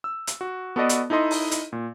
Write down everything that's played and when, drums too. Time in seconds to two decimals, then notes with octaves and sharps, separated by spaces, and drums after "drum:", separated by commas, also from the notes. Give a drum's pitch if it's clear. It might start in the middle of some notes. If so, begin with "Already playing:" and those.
0.04 E6
0.27 drum: hi-hat
0.41 F#4
0.76 B3 F#4 A4 B4 D5 D#5
0.89 drum: hi-hat
1.10 D#4 E4 A4 D#5 C6
1.31 drum: open hi-hat
1.51 drum: hi-hat
1.73 A#2